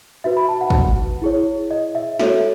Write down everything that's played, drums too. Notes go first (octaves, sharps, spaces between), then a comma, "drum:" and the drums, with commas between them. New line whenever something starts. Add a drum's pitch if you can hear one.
D#4 F#4 B4 E5
B5
A5
F#5
drum: kick
E4 G#4 C#5
D#5
E5
F#4 A4 C#5 E5, drum: snare